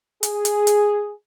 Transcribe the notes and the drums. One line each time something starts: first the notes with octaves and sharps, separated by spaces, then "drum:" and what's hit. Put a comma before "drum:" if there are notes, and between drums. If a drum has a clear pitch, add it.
G#4, drum: hi-hat
drum: hi-hat
drum: hi-hat